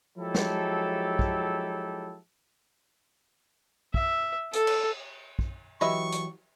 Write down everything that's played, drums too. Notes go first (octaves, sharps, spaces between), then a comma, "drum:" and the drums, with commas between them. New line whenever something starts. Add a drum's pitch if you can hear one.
F3 F#3 G#3 E4 G4 A4
drum: snare
drum: kick
E5, drum: kick
A4, drum: hi-hat
drum: cymbal
drum: kick
E3 F#3 G4 B4 D#5 E5 C#6
drum: hi-hat